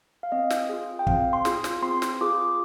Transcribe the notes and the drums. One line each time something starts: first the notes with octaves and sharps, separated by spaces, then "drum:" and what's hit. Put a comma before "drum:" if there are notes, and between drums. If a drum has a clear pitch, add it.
F5
C4 D#5
drum: snare
F4 G#4
G5
C4 F5, drum: kick
C6
F4 G#4, drum: snare
drum: snare
C4 C6
drum: snare
F4 G#4 D6